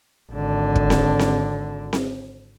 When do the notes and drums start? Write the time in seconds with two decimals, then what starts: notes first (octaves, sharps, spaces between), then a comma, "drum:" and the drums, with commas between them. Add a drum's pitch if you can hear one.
0.32 G#1 D3
0.75 drum: kick
0.90 drum: snare C4
1.19 drum: snare C4
1.93 drum: snare C4